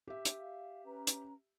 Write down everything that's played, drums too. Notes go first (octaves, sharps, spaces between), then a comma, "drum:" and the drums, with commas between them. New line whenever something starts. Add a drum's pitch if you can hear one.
G4 E5
drum: hi-hat
F5
C#4 B4 A#5
drum: hi-hat